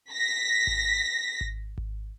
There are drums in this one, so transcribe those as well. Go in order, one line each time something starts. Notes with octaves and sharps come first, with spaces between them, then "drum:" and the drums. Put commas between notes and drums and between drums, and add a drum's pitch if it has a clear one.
A#6 B6
drum: kick G#1
drum: kick G#1
drum: kick G#1